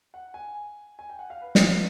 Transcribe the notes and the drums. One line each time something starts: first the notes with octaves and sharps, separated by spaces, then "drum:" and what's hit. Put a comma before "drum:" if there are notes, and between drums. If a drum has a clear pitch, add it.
F#5
G#5
G#5
G5
F#5
F5
B4
F#4, drum: snare
F4